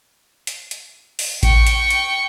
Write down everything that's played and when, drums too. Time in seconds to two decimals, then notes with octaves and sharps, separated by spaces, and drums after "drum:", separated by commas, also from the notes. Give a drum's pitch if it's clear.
0.47 drum: hi-hat
0.71 drum: hi-hat
1.19 drum: open hi-hat
1.43 G5 C#6, drum: kick A1, hi-hat
1.67 drum: hi-hat
1.90 drum: hi-hat